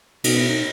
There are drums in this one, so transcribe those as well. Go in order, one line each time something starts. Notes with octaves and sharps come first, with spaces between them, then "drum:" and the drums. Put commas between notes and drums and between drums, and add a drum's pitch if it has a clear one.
B2 D#4, drum: cymbal
E4
D#4